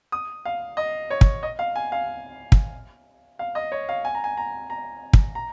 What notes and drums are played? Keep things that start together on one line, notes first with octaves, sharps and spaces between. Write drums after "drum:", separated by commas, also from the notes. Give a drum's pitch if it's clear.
D#6
F5
D#5
C#5
drum: kick
D#5
F5
G#5
F5
drum: kick
F5
D#5
C#5
F5
G#5
A#5
G#5
A#5
A#5
drum: kick
A#5